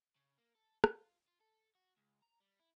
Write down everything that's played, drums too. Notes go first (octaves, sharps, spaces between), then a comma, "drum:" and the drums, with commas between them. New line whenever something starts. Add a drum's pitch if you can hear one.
C#3
A#3
A4
F4, drum: rim click
F4
A4
F#4
C#2
A#5
G3
E4